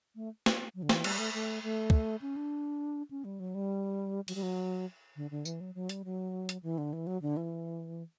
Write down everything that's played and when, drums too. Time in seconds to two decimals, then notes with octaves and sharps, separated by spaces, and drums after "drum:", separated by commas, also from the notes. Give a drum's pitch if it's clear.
0.16 A3
0.46 drum: snare
0.75 F#3
0.83 D3
0.89 E3, drum: snare
1.04 G3, drum: cymbal
1.19 A3
1.34 A3
1.63 A3
1.90 drum: kick
2.22 C#4
2.36 D4
3.11 C#4
3.24 G3
3.40 F#3
3.55 G3
4.28 F#3, drum: cymbal
4.35 G3
4.43 F#3
5.16 D3
5.31 D3
5.45 E3, drum: tambourine
5.61 F#3
5.75 F#3
5.89 G3, drum: hi-hat
6.05 F#3
6.49 drum: hi-hat
6.63 E3
6.78 D3
6.93 E3
7.07 F#3
7.22 D3
7.37 E3